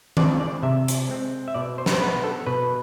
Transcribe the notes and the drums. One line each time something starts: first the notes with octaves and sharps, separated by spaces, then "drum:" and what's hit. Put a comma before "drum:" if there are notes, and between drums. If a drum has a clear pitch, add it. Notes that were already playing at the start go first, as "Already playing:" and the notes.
G#3 C4 D5, drum: tom D#3
D5
C3 E5
drum: hi-hat
G#3 C4
E5
B2 D5
C5
B4, drum: snare
C5
B3 D4 B4
A4
B2 B4